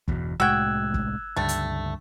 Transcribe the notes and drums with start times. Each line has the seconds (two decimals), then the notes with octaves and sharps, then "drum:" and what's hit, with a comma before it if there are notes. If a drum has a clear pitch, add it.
0.08 G1 E2 B2, drum: kick
0.40 C2 A2 G#3 F#4 G5 E6 F#6 G#6
0.94 drum: kick
1.36 C#2 G2 D3 G3 A3
1.49 drum: hi-hat